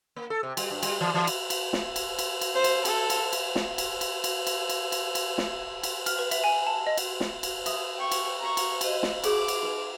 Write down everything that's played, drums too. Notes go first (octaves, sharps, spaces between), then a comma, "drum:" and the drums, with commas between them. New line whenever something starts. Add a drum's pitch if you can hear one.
A#3
A4
C3
G3, drum: cymbal
G2
G3, drum: cymbal
E3
E3
drum: cymbal
drum: cymbal
drum: snare
drum: cymbal
drum: cymbal
drum: cymbal
C5
drum: cymbal
A4, drum: cymbal
drum: cymbal
drum: cymbal
drum: snare
drum: cymbal
drum: cymbal
drum: cymbal
drum: cymbal
drum: cymbal
drum: cymbal
drum: cymbal
drum: snare
drum: cymbal
F6, drum: cymbal
B4
E5, drum: cymbal
G#5
A5
D#5
drum: cymbal
drum: snare
drum: cymbal
E5 D#6, drum: cymbal
G5 C#6
drum: cymbal
A#5 C#6
drum: cymbal
C5 D#5, drum: cymbal
drum: snare
G#4 C#5 C#6 D6, drum: cymbal
drum: cymbal
D#4 B4